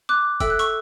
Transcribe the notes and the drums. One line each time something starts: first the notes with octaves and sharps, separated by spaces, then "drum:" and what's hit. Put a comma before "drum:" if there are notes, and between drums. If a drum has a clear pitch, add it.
D6 F#6
A4 E5 G5 E6, drum: kick, hi-hat
F#6
C#6 E6, drum: hi-hat